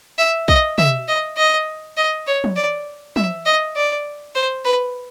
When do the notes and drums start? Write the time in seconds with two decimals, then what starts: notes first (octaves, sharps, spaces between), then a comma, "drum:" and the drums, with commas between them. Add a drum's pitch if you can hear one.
0.19 E5
0.48 D#5, drum: kick B1
0.78 E5, drum: tom
1.08 D#5
1.37 D#5
1.97 D#5
2.27 C#5
2.44 drum: tom
2.56 D5
3.16 E5, drum: tom
3.46 D#5
3.76 D5
4.35 C5
4.65 B4